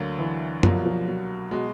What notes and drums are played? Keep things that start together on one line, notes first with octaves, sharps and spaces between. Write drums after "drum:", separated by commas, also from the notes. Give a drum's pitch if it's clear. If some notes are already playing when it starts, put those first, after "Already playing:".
Already playing: D2 D3 F#3 A#3
E3
C2 B2 F3 F#3 A#3, drum: tom F#2
F3
F#3
B2 F#3 G#3